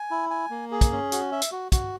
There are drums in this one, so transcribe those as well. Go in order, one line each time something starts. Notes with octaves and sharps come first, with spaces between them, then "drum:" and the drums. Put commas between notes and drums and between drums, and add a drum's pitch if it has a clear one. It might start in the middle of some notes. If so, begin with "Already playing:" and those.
Already playing: G#5
E4
G#5
A#3
G#4
drum: kick, hi-hat
C#4
F#4, drum: hi-hat
E5
drum: hi-hat
F#4
F#4, drum: kick, hi-hat